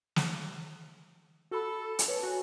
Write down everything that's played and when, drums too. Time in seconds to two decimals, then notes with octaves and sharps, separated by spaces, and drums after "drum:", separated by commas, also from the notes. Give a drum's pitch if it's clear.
0.16 drum: snare
1.51 F#4 A4 B5
1.99 drum: hi-hat
2.08 B4 C#5 A5
2.23 F#4 G#5